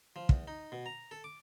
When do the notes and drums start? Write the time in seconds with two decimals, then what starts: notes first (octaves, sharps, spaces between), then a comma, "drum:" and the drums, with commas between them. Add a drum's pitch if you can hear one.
0.16 F3
0.29 E2, drum: kick
0.48 D#4
0.72 B2
0.86 A#5
1.11 A4
1.24 D6